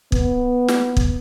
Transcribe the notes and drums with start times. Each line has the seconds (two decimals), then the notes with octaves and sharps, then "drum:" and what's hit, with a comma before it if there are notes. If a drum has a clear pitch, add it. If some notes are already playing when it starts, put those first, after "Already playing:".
0.12 B3, drum: kick
0.68 drum: snare
0.97 drum: kick